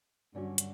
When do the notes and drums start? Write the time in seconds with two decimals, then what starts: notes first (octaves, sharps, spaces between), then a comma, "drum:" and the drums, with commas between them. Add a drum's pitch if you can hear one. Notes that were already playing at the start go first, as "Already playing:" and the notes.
0.34 G2 D3 F#3 C#4 F#4
0.58 drum: hi-hat